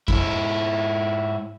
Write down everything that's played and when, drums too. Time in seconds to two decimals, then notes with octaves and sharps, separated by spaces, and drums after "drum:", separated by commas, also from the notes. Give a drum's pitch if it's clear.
0.08 G#2 E4, drum: kick F2